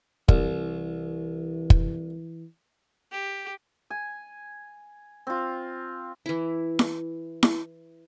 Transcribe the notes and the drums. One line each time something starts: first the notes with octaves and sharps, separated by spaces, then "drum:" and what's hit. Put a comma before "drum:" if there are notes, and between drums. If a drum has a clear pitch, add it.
C2 E3, drum: kick
drum: kick
G4
G#5
C4 F4
E3 E4
drum: snare E4
drum: snare E4